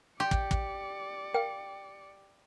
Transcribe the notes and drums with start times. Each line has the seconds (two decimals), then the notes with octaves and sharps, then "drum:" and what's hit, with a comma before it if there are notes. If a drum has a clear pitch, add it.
0.20 G4 D5 C6 C#7
0.31 drum: kick
0.51 drum: kick
1.34 A#4 F5 G5